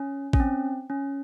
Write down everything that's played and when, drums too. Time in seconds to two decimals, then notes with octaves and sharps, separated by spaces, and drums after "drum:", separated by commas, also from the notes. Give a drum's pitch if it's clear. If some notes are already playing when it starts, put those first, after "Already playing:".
Already playing: C#4
0.33 C#4, drum: kick A1
0.40 C4
0.90 C#4